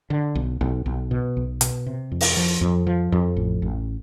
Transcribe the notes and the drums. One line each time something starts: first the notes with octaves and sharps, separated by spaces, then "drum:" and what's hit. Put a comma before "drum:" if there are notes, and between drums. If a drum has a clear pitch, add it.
D3
B1
B1
B1
B2
B1
B2, drum: hi-hat
C3
F2
drum: open hi-hat
F3
F2
F3
F2
A1
A1